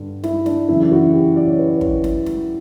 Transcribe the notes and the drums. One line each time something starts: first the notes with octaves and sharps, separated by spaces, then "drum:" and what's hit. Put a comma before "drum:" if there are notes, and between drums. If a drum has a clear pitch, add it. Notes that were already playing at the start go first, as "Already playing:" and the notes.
Already playing: G2 D3
E4, drum: snare
D4, drum: snare
F#2 C#3 E3 E4
E4
F#4
G4
D5
C#5
B4
C#5
drum: kick
drum: snare
drum: snare